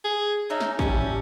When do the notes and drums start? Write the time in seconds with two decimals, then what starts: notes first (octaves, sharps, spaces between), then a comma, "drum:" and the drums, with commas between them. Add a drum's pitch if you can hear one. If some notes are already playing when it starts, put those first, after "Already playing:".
0.04 G#4
0.50 C#4 D#4 E5 A#5
0.60 drum: snare
0.79 C#4 D4 E4 G4, drum: kick
0.97 drum: tom G#2